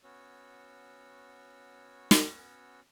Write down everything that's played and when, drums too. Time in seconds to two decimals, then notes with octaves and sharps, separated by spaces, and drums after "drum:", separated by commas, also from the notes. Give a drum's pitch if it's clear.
0.04 B3 C#4 F#4 C#5 E6
2.11 drum: snare